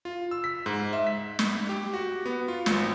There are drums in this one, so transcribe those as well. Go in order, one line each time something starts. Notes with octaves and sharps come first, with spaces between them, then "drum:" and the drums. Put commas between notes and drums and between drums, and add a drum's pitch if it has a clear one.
F4
E6
B6
G#2
E5
B6
drum: snare
G4
F#4
B3
F4
G#1, drum: snare